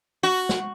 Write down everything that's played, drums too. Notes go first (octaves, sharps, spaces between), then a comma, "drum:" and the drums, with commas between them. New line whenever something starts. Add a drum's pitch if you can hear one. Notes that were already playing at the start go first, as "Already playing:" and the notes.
F#4
drum: snare